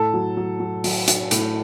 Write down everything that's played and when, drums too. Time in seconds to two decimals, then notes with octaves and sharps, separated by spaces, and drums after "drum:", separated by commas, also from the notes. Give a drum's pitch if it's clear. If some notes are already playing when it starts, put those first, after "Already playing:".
Already playing: A2 A4
0.14 F#3
0.37 F#3
0.60 F#3
0.84 F#3, drum: open hi-hat
1.08 F#3, drum: hi-hat
1.31 A2, drum: hi-hat